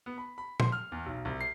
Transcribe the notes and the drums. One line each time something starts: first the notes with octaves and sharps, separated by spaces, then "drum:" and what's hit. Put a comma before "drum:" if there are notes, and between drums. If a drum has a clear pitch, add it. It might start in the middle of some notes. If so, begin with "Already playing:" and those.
B3
B5
B5
C6, drum: tom
F6
E2
B1
C2
C7